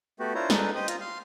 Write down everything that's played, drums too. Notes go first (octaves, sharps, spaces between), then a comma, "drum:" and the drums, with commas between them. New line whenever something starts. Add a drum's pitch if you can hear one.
A3 B3 F#4 G4
D4 E4 F4 C5 C#5 A#5
A#3 D4 D#4 G#4 A4 B4, drum: snare
G4 C5 D#5 D#6
F4 A#5, drum: hi-hat
F5 C6